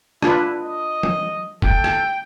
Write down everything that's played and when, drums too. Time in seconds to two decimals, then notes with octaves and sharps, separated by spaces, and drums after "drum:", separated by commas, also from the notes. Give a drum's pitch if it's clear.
0.22 D4 E4 F4 B4, drum: rim click
0.62 D#5
1.03 drum: tom E3
1.62 A4 G5, drum: kick
1.84 drum: rim click